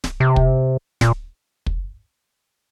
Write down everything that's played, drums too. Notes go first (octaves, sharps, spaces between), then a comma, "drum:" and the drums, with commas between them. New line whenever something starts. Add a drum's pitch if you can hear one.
drum: snare D1
C3
drum: kick
A#2, drum: snare D1
drum: kick